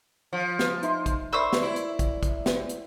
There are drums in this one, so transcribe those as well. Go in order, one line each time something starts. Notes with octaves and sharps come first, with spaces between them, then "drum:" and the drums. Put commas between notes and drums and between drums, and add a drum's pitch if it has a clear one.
F3
drum: snare
D#4 E5 C6, drum: hi-hat
drum: kick, hi-hat
A#4 C5 D5 E5 C#6 E6
drum: snare
E4
drum: hi-hat
drum: kick, hi-hat
drum: kick, hi-hat
drum: snare
drum: hi-hat